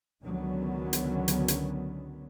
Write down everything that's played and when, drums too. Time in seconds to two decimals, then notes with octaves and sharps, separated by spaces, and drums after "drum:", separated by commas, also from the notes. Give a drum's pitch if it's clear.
0.24 C#2 D3 D#3 F#3 B3 C#4
0.93 drum: hi-hat
1.28 drum: hi-hat
1.48 drum: hi-hat